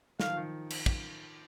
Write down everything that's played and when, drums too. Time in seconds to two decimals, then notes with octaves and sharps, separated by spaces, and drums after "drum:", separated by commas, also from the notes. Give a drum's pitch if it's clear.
0.20 D#3 F5, drum: snare
0.28 F3
0.37 D#3
0.70 drum: cymbal
0.86 drum: kick